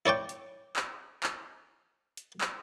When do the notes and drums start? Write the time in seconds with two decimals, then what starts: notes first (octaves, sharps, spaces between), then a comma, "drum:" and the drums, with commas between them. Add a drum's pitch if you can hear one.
0.06 E4 C#5 D5 G5
0.29 drum: hi-hat
0.76 drum: clap
1.23 drum: clap
2.17 drum: hi-hat
2.41 drum: clap